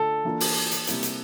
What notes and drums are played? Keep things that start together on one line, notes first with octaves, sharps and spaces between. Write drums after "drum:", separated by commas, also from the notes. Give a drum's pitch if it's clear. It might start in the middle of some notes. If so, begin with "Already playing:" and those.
Already playing: D3 A3 D4 F4 A4
E3 A#3 D4 F4
drum: open hi-hat
drum: hi-hat
C3 G3 A#3 E4, drum: hi-hat
drum: hi-hat